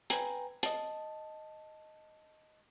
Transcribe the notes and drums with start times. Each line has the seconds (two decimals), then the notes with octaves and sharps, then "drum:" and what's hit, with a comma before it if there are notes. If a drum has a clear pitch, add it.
0.10 B4 G5 G#5 A#5, drum: hi-hat
0.63 D#5 A5, drum: hi-hat